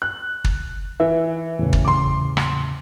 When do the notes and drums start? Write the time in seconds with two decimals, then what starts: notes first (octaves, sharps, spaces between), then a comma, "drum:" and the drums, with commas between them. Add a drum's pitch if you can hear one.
0.02 F#6
0.44 drum: kick
1.00 E3 E5
1.59 E2 A2 C#3
1.73 drum: kick
1.85 C6 D6
2.37 drum: rim click